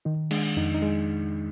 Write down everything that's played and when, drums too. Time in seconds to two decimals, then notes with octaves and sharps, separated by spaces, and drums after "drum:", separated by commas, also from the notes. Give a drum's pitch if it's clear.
0.05 D#3 D#4
0.31 G#3 D4, drum: cymbal
0.57 F2 D#4
0.74 D#4
0.82 G#3